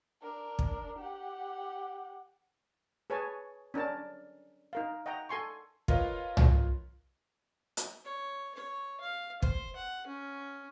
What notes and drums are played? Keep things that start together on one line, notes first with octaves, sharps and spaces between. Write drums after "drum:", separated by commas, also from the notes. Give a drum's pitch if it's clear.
D4 A#4
drum: kick
G4 F#5
G#4 B4 C#5 G#5 A5
C#4 D4 A#4 A5
D#4 A#4 F5
D#5 F#5 G5 A#5
A4 G#5 C6 C#6
F4 A#4 B4 C#5 D#5 F5, drum: kick
drum: tom C2
drum: hi-hat
C#5
C#5
F5
C5, drum: kick
F#5
C#4